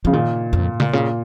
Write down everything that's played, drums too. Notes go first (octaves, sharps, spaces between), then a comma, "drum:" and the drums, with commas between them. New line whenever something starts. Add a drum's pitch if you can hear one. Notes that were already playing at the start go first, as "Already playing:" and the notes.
C#3 F3
A#2 D#3
F2
G#2
A#2, drum: tom C#3
A#2 C#3